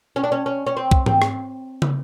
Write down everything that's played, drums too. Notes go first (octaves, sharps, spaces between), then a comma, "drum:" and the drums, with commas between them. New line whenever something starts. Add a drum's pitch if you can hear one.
C#4
D4
C#4
C#4
C#4
C4
drum: kick
C4, drum: tom G#2
drum: rim click
drum: tom